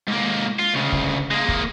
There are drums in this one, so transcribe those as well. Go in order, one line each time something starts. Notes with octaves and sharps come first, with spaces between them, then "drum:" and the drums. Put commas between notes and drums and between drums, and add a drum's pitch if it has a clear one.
G#2 A#3
F4
D2 C#3
drum: kick
G#3 A#3
drum: kick